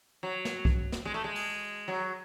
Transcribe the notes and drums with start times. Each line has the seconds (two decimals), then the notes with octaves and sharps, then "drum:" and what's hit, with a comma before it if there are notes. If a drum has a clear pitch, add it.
0.23 F#3
0.45 drum: snare
0.65 drum: kick B1
0.92 drum: snare
1.05 G#3
1.14 A3
1.24 G#3
1.35 drum: open hi-hat
1.88 F#3